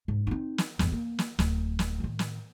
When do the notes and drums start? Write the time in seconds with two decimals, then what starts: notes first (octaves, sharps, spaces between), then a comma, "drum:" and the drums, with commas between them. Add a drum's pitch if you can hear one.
0.08 G#2
0.27 C4 D#4
0.58 drum: snare
0.79 E2 G2, drum: snare
0.92 A#3
1.19 drum: snare
1.39 D1, drum: snare
1.79 drum: snare
2.00 A2 D#3
2.19 drum: snare